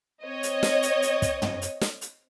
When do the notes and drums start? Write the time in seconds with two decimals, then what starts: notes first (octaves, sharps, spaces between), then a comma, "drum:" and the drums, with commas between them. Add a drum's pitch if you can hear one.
0.23 C4 C#5 D#5
0.43 drum: hi-hat
0.63 drum: snare
0.82 drum: hi-hat
1.02 drum: hi-hat
1.22 drum: kick, hi-hat
1.42 drum: tom
1.62 drum: hi-hat
1.81 drum: snare
2.01 drum: hi-hat